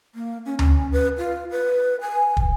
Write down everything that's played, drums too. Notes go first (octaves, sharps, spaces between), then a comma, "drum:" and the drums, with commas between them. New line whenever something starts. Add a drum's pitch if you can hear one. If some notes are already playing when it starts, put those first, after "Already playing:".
A#3
C#4
C#4, drum: tom D2
B4
F4
B4
G#5
drum: kick